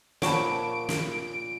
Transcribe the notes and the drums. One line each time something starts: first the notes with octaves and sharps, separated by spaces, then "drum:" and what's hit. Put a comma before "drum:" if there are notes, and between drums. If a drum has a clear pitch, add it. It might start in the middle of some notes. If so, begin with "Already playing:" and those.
A#2 C5 C#5 F#5 A5 B5 C#6 D7, drum: snare
drum: snare